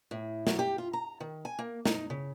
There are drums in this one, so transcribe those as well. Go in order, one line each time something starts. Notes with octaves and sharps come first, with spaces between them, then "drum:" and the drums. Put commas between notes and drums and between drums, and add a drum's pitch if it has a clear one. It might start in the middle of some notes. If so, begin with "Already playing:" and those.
A2
F#3, drum: snare
G4
F4
A#5
D#3
G#5
A#3
D#4, drum: snare
C#3